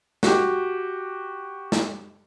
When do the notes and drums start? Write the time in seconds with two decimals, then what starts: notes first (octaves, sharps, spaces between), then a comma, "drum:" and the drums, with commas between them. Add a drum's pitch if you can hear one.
0.23 F#4 G4, drum: snare
1.72 drum: snare